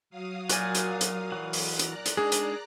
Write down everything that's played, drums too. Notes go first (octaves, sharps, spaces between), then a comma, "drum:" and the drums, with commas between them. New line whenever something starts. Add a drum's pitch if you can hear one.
F#3 F5 D#6
A#2 F#4 G#5, drum: hi-hat
drum: hi-hat
drum: hi-hat
E3 F#4
drum: open hi-hat
D5 A#5 F#6, drum: hi-hat
drum: hi-hat
G#3 D4 D#4 G#4
drum: hi-hat